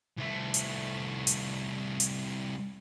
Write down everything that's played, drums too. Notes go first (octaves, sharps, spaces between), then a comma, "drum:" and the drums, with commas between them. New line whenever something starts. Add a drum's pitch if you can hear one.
C2 A3
drum: hi-hat
drum: hi-hat
drum: hi-hat